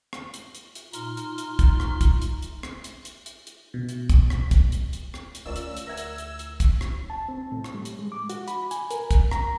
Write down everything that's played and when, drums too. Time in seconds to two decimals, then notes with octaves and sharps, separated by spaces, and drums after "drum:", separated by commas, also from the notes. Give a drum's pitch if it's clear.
0.13 drum: rim click
0.34 drum: hi-hat
0.55 drum: hi-hat
0.75 drum: hi-hat
0.93 A#2 D#4 C6 F6, drum: hi-hat
1.17 drum: hi-hat
1.38 drum: hi-hat
1.59 drum: kick, hi-hat
1.80 drum: rim click
2.01 drum: kick, hi-hat
2.22 drum: hi-hat
2.42 drum: hi-hat
2.63 drum: rim click
2.84 drum: hi-hat
3.05 drum: hi-hat
3.26 drum: hi-hat
3.47 drum: hi-hat
3.74 B2
3.89 drum: hi-hat
4.10 drum: kick, hi-hat
4.30 drum: rim click
4.51 drum: kick, hi-hat
4.72 drum: hi-hat
4.93 drum: hi-hat
5.14 drum: rim click
5.35 drum: hi-hat
5.45 D2 C#4 F4 A#4 D5 E6
5.56 drum: hi-hat
5.77 drum: hi-hat
5.87 A#4 E5 F#5 G#6 A#6
5.97 drum: hi-hat
6.18 drum: hi-hat
6.39 drum: hi-hat
6.60 drum: kick, hi-hat
6.81 drum: rim click
7.10 A5
7.29 C4
7.52 A2
7.64 drum: rim click
7.74 G3
7.85 drum: hi-hat
7.99 G#3
8.12 D6
8.30 F#4, drum: hi-hat
8.48 B5, drum: hi-hat
8.71 G#5, drum: hi-hat
8.91 A#4, drum: hi-hat
9.11 drum: kick, hi-hat
9.31 A#5, drum: rim click